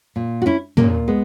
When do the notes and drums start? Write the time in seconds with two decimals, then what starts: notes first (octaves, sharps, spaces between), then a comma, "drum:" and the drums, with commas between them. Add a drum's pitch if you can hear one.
0.16 A#2
0.42 F#4
0.46 C#4 E4
0.77 A#2 A#3 C#4, drum: tom
1.08 G#3 B3